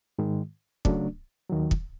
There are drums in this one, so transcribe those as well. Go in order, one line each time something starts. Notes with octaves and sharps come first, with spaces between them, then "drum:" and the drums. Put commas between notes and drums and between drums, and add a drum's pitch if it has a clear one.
G#2 D#3 G#3
C#3 F#3 A3 D4, drum: kick
D#2 D#3 F#3
drum: kick